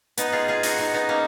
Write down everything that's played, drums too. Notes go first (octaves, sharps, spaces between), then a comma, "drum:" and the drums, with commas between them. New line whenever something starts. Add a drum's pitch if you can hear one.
B3 D#4, drum: hi-hat
F4 G#4
F4 G#4
D#4 F#4, drum: open hi-hat
D#4 F#4
B3 D#4
A#3 C#4